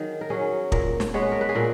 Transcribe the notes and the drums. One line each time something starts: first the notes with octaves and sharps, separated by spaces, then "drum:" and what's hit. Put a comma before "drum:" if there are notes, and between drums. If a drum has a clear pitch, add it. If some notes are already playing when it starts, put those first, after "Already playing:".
Already playing: D#3 F#3 G#4
A#4
F#3 C#4 G#4
A#2 A#4, drum: kick
drum: snare
G#3 B3 C#5
B4
A#4
B4
G#4
A#2 A#4